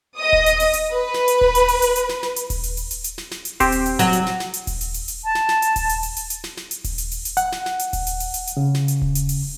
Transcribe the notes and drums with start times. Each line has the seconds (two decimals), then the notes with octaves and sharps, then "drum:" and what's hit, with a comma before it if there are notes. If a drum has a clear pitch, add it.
0.17 D#5 D#6
0.33 drum: kick D#1
0.46 drum: hi-hat
0.60 drum: open hi-hat
0.73 drum: hi-hat
0.92 B4
1.14 drum: snare
1.28 drum: hi-hat
1.41 drum: kick D#1
1.55 drum: hi-hat
1.68 drum: open hi-hat
1.82 drum: hi-hat
1.96 drum: hi-hat
2.09 drum: snare
2.23 drum: snare
2.36 drum: hi-hat
2.50 drum: kick D#1, open hi-hat
2.63 drum: hi-hat
2.77 drum: open hi-hat
2.91 drum: hi-hat
3.04 drum: hi-hat
3.18 drum: snare
3.31 drum: snare
3.45 drum: hi-hat
3.60 C4 G4 C5, drum: kick D#1, open hi-hat
3.72 drum: hi-hat
3.86 drum: open hi-hat
3.99 F#3, drum: hi-hat
4.13 drum: hi-hat
4.26 drum: snare
4.40 drum: snare
4.54 drum: hi-hat
4.67 drum: kick D#1, open hi-hat
4.81 drum: hi-hat
4.94 drum: open hi-hat
5.08 drum: hi-hat
5.25 A5
5.35 drum: snare
5.49 drum: snare
5.62 drum: hi-hat
5.76 drum: kick D#1, open hi-hat
5.89 drum: hi-hat
6.03 drum: open hi-hat
6.17 drum: hi-hat
6.30 drum: hi-hat
6.44 drum: snare
6.57 drum: snare
6.71 drum: hi-hat
6.84 drum: kick D#1, open hi-hat
6.98 drum: hi-hat
7.12 drum: open hi-hat
7.25 drum: hi-hat
7.37 F#5, drum: hi-hat
7.52 drum: snare
7.66 drum: snare
7.79 drum: hi-hat
7.93 drum: kick D#1, open hi-hat
8.07 drum: hi-hat
8.20 drum: open hi-hat
8.34 drum: hi-hat
8.47 drum: hi-hat
8.57 C#3
8.74 drum: snare
8.88 drum: hi-hat
9.02 drum: kick D#1
9.15 drum: hi-hat
9.29 drum: open hi-hat